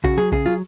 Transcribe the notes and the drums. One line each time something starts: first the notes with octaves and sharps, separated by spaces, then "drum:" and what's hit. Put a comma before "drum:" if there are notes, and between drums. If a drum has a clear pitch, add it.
C#3 F#4, drum: kick
F#3 G#4
C#3 G#4, drum: kick
F#3 F4